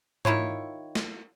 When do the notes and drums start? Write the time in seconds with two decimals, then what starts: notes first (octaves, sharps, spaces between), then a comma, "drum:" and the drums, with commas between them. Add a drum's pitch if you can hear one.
0.25 D#3 E4 F4 C#5, drum: tom G#2
0.95 drum: snare